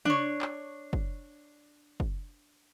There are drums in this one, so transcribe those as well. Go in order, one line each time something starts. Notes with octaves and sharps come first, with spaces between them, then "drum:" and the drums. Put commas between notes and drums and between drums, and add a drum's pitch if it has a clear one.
D4 C#5, drum: tom
drum: clap
drum: kick
drum: kick